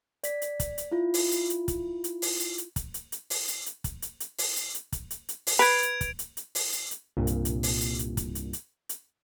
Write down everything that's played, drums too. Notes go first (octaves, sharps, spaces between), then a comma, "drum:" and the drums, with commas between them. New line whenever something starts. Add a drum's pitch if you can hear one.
D5 B6, drum: hi-hat
drum: hi-hat
drum: kick, hi-hat
drum: hi-hat
E4 F4
drum: open hi-hat
drum: hi-hat
drum: hi-hat
drum: kick, hi-hat
drum: hi-hat
drum: open hi-hat
drum: hi-hat
drum: hi-hat
drum: kick, hi-hat
drum: hi-hat
drum: hi-hat
drum: open hi-hat
drum: hi-hat
drum: hi-hat
drum: kick, hi-hat
drum: hi-hat
drum: hi-hat
drum: open hi-hat
drum: hi-hat
drum: hi-hat
drum: kick, hi-hat
drum: hi-hat
drum: hi-hat
drum: open hi-hat
B4 G#6 D7 F7
drum: hi-hat
drum: kick, hi-hat
drum: hi-hat
drum: hi-hat
drum: open hi-hat
drum: hi-hat
drum: hi-hat
C2 G2 A#2
drum: hi-hat
drum: hi-hat
drum: open hi-hat
drum: hi-hat
drum: hi-hat
drum: kick, hi-hat
drum: hi-hat
drum: hi-hat
drum: hi-hat